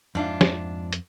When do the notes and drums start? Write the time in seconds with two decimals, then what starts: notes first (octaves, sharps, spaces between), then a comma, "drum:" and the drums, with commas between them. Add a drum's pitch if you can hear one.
0.15 F2 G#2 D4 F4 E5
0.41 drum: snare
0.93 drum: hi-hat